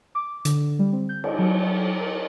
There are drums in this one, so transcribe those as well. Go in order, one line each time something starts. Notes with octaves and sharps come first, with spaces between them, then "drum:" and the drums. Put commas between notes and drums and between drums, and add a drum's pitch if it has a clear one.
D6
D3, drum: hi-hat
G3
C4
G6
drum: cymbal
F#3
A#4